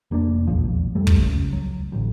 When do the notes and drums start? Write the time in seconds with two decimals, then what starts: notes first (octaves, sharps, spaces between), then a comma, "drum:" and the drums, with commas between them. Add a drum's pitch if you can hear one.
0.11 F1 A#3 C4 D4
0.47 E1 A#1 D#2 F3
0.95 F#1 F#2 G3 A3
1.07 drum: kick
1.18 C#2
1.53 F#3
1.92 A1 D2